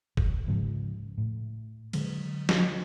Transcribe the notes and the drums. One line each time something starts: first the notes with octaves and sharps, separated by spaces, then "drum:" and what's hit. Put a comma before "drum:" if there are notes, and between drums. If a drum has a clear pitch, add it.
D1, drum: kick
G#2 C#3 F3
A2
D3 F#3 G#3 A#3, drum: cymbal
drum: snare